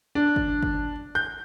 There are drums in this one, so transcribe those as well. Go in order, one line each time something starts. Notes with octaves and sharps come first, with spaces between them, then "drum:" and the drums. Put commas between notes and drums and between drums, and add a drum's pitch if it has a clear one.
D4
drum: kick G1
drum: kick G1
G6